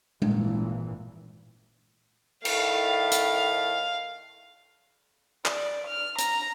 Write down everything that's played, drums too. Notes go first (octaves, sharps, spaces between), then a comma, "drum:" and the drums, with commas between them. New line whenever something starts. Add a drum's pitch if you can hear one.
G#1 A#2 E3, drum: tom G#3
A2 D#3 A3 F5, drum: cymbal
drum: hi-hat
D5, drum: clap
F6
A#5, drum: hi-hat